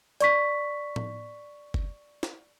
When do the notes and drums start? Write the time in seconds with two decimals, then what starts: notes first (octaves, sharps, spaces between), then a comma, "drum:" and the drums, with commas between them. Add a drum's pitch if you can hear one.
0.20 D5 C#6 B6, drum: hi-hat
0.96 drum: tom A2
1.74 drum: kick F#1
2.23 drum: snare